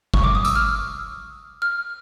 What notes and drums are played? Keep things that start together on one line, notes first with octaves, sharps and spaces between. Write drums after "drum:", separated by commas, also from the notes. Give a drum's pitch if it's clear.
C#6, drum: kick
D6
D#6
E6, drum: tambourine
F6
F6